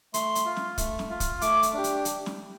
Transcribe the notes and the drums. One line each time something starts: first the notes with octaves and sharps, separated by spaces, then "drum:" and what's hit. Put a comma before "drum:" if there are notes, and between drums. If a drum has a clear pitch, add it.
A3 C6, drum: hi-hat
drum: hi-hat
F4
drum: snare
A3, drum: kick, hi-hat
drum: snare
F4
drum: kick, hi-hat
A3 D6, drum: hi-hat
drum: hi-hat
D4 G4
drum: hi-hat
drum: hi-hat
drum: snare